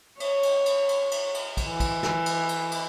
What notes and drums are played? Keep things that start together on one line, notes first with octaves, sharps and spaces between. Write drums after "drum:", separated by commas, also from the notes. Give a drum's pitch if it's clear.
C#5, drum: cymbal
drum: cymbal
drum: cymbal
drum: cymbal
drum: cymbal
drum: cymbal
drum: kick, cymbal
E3
drum: kick, cymbal
drum: snare
drum: cymbal
drum: cymbal
drum: cymbal